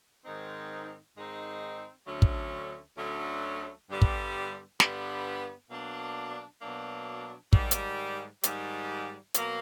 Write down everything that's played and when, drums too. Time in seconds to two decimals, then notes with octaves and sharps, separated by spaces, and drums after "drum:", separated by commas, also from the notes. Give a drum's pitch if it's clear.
0.25 G#2 D#3 G#3 C4 D#4
1.16 G#2 D#3 G#3 C4 D#4
2.07 D2 D3 F#3 A3 C#4
2.22 drum: kick
2.97 D2 D3 F#3 A3 C#4
3.89 G2 D3 G3 B3
4.02 drum: kick
4.80 G2 D3 G3 B3, drum: snare
5.70 B2 F#3 A#3 D4
6.62 B2 F#3 A#3 D4
7.53 G#2 D#3 G3, drum: kick
7.71 drum: hi-hat
8.43 G#2 D#3 G3, drum: hi-hat
9.34 B2 F#3 A#3, drum: hi-hat